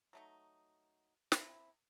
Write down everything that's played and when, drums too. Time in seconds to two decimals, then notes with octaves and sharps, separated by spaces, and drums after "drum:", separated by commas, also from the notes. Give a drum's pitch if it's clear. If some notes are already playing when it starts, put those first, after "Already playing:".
0.13 F#3 A3 D#4
1.32 C4 E4, drum: snare